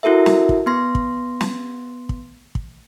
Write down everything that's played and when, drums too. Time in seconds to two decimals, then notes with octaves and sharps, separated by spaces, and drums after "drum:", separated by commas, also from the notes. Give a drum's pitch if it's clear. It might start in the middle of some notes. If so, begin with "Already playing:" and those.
0.03 E4 F#4 A4 A#4 E5
0.26 drum: snare
0.49 drum: kick
0.66 B3 C6 A#6
0.95 drum: kick
1.41 drum: snare
2.09 drum: kick
2.55 drum: kick